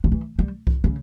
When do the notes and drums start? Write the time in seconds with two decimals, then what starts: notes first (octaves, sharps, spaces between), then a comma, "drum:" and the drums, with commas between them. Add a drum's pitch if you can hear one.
0.04 D3
0.12 E3
0.39 G3
0.67 drum: kick C2
0.84 C#3